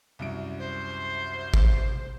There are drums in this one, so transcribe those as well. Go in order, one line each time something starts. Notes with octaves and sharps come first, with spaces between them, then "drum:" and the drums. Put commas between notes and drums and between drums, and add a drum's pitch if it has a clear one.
C2 F#2 D7
C5
drum: kick